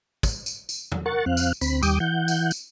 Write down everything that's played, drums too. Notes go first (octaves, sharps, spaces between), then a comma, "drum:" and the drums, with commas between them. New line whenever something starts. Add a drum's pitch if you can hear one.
drum: kick, tambourine
drum: tambourine
drum: tambourine
drum: tom
A#4 F#5 C#6 A6
F2 C4 F5 F#6
drum: tambourine
D2 C4 B5, drum: tambourine
D#2 G3 G5 D6 D#6, drum: tambourine
E3 F#5 G6
drum: tambourine
drum: tambourine